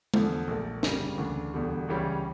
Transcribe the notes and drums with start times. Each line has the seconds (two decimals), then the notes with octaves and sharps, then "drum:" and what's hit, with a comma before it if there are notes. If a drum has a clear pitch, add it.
0.14 E2 D3 F3, drum: tom
0.47 A#1 A#2 A3
0.83 G1 F2 C#3 G3 A#3, drum: snare
1.18 D2 C#3 E3 A3 D4
1.54 E1 E2 D3 G3
1.88 C#2 C#3 E3 G3 C#4